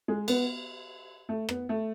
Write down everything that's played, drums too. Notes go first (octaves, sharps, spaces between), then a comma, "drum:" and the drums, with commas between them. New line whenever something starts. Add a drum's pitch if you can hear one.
G#3
B3, drum: cymbal
A3
B3, drum: rim click
A3